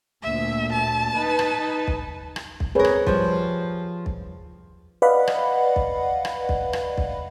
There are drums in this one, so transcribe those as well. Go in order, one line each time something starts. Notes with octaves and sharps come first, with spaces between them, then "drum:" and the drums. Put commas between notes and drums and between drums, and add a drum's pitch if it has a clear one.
D2 A#2 E5
A5
D#4 B4
drum: rim click
drum: kick
drum: rim click
drum: kick
C4 G#4 A#4 B4 C#5
drum: rim click
F3 G3, drum: kick
drum: kick
B4 D5 D#5 F5 F#5 B5
drum: rim click
drum: kick
drum: rim click
drum: kick
drum: rim click
drum: kick